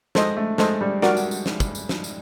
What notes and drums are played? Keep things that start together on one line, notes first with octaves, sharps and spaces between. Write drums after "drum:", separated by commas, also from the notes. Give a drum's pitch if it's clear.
G#3 A4 C5 D#5, drum: snare
A3
G#3 A4 C5 D#5, drum: snare
G3
F#4 A#4 D5, drum: snare
drum: tambourine
drum: tambourine
drum: snare
drum: kick, tambourine
drum: tambourine
drum: snare
drum: tambourine